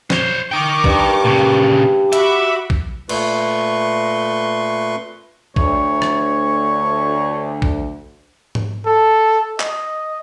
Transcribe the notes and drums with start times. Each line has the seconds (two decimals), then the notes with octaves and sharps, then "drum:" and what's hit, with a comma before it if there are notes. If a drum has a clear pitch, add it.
0.10 C5 C#5, drum: snare
0.52 D#4 A#4 G5 C#6 D6
0.84 G2, drum: kick
1.25 A#2 C#3
2.13 F#4 E5 B5 D6, drum: hi-hat
2.70 drum: kick
3.09 A#2 A3 B4 C6 C#6, drum: cymbal
5.56 D2 C#5, drum: kick
6.02 drum: rim click
7.62 drum: kick
8.55 drum: tom G#2
8.86 A4
9.60 D#5, drum: clap